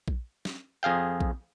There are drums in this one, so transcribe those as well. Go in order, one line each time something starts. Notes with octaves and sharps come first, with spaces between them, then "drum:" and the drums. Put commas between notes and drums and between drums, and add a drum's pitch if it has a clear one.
drum: kick A#1
drum: snare
F2 G#4 F5 G5
drum: kick A#1